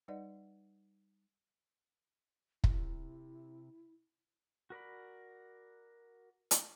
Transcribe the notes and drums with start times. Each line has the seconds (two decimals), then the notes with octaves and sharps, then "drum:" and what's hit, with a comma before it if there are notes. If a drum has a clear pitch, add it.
0.08 G3 D#4 B4 D5 D#5 F#5
2.64 C3 E4, drum: kick
4.70 F#4 A#4 D5 B5
6.51 drum: hi-hat